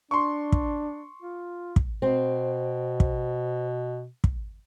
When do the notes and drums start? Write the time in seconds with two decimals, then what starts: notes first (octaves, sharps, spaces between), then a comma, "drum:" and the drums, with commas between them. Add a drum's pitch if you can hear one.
0.11 D4 C6 C#6
0.52 drum: kick
1.22 F4
1.76 drum: kick
2.02 B2 C4
3.00 drum: kick
4.24 drum: kick